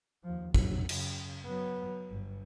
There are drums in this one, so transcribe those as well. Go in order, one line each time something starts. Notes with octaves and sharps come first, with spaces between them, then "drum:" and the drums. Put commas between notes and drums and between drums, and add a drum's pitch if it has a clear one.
D#2 F3
F2 F#3, drum: kick
F#2 C#3, drum: cymbal
F#3 B3
G1